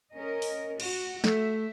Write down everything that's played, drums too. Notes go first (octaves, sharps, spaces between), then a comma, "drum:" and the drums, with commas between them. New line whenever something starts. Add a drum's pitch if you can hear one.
C#4 A#4 D#5
drum: open hi-hat
F#4, drum: cymbal
A3 E5, drum: snare